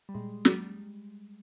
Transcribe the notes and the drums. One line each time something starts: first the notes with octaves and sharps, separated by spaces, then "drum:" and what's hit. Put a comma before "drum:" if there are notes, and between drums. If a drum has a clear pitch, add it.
G3
A#2 G#3
F#3 A#3 C#4, drum: snare